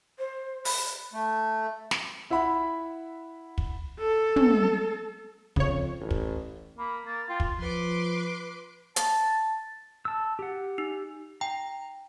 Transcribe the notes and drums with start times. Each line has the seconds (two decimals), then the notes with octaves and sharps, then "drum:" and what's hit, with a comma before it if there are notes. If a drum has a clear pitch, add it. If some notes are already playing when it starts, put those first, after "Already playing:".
0.18 C5
0.65 B5, drum: open hi-hat
1.13 A3
1.91 drum: snare
2.30 E4 E5 F#5 B5
3.58 drum: kick
4.00 A4
4.36 drum: tom
5.56 F2 C#3 C#5, drum: kick
6.01 A1
6.11 drum: kick
6.78 A#3 B5
7.06 A#3 A6
7.29 F4 G5
7.40 drum: kick
7.59 F3 B4 C6 D6
8.96 A5, drum: hi-hat
10.05 A5 E6
10.39 G4 F#5
10.78 D#4
11.41 G5 A#5